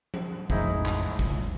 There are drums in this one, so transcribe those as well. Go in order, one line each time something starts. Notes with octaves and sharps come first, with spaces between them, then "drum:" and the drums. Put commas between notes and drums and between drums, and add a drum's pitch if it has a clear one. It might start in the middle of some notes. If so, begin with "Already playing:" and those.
drum: tom F3
A1 F2 G#2 D#4 E4, drum: kick
drum: clap
C#2, drum: kick